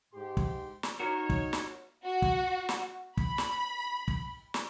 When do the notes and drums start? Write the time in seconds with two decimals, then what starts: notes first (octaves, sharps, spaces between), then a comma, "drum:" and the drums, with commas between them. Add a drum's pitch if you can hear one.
0.14 G#2 G4 C6
0.37 drum: kick
0.83 drum: snare
0.99 D#4 F#4 A#4 C#5
1.30 drum: kick
1.53 drum: snare
2.04 F#4
2.22 drum: kick
2.69 drum: snare
3.17 B5, drum: kick
3.38 drum: snare
4.08 drum: kick
4.54 drum: snare